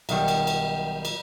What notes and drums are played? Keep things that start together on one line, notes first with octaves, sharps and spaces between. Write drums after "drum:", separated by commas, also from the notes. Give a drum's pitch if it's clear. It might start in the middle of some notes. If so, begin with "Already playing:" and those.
B1 D#3 G3 E5 F#5 G5, drum: cymbal
drum: cymbal
drum: cymbal
drum: cymbal